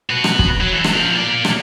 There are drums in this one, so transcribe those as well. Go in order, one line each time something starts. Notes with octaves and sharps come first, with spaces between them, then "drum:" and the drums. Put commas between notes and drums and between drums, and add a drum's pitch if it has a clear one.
F#4 B4
drum: rim click
drum: kick
F#3
E3 A4
drum: rim click
F3 A#4
A#3 D5
drum: rim click